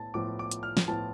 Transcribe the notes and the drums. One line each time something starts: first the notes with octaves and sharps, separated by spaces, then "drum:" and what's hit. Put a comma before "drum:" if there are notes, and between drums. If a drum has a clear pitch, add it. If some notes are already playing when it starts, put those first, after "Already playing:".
Already playing: A2 B3 A5
A2 F3 B3 F4 D6
D6
drum: hi-hat
F6
drum: snare
A2 F3 B3 F4 A5